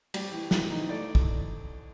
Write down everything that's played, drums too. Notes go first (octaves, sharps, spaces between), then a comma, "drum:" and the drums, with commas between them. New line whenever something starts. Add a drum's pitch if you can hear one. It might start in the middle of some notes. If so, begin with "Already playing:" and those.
G3, drum: cymbal
E3
E3, drum: snare
D#4
A3 D5
drum: kick